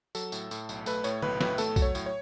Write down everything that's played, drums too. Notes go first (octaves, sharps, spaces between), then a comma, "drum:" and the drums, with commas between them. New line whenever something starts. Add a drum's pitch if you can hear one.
F#3 A4, drum: tambourine
A2, drum: tambourine
A2, drum: tambourine
B1, drum: tambourine
A3 B4, drum: tambourine
A2 C#5, drum: tambourine
B1 B4, drum: tom D3
A2 B4, drum: snare
A3 A4, drum: tambourine
F#3, drum: kick B1, tambourine
C#5
A2, drum: tambourine
C#5